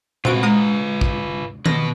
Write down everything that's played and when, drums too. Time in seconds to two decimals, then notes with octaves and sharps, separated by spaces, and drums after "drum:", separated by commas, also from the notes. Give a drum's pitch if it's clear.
0.25 C4 F4 F#4 B4 D7, drum: tom A#2
0.43 G#3 A#5 D#6
1.01 drum: kick
1.66 B2 B4 A#6, drum: tom D#3